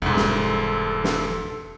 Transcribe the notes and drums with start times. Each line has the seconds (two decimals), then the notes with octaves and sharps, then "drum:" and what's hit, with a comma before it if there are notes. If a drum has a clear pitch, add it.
0.02 E1 C2 G#2 A4
0.16 drum: snare
1.04 drum: snare